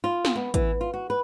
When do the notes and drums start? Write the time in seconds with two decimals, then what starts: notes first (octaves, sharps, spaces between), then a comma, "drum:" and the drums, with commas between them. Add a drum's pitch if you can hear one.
0.04 F4
0.25 drum: snare
0.35 B3
0.54 E3, drum: kick, hi-hat
0.81 F4
0.94 F#4
1.10 B4